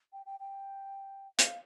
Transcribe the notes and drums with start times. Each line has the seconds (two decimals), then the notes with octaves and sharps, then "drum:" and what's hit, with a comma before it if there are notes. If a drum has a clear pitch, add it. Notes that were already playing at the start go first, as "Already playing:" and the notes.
0.13 G5
0.26 G5
0.40 G5
1.39 F5, drum: hi-hat